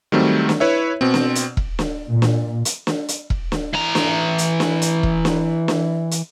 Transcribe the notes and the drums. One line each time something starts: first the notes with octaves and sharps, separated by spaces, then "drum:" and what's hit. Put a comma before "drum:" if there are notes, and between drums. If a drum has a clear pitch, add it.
D#3 F#3 G3 A3 C4
drum: snare
E4 B4 C#5 E5
B2 C4
drum: snare
drum: hi-hat
drum: kick E1
drum: snare
A#2
drum: snare
drum: hi-hat
drum: snare
drum: hi-hat
drum: kick E1
drum: snare
E3 A#5
drum: snare
drum: hi-hat
drum: snare
drum: hi-hat
drum: kick E1
drum: snare
drum: snare
drum: hi-hat